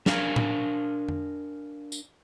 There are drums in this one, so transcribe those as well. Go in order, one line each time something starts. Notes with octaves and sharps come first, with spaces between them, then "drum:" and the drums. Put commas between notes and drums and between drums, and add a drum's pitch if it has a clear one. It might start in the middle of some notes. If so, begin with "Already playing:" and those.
D4 A#4 F5 F#5 G#5, drum: snare
drum: tom A2
drum: tom F2
drum: tambourine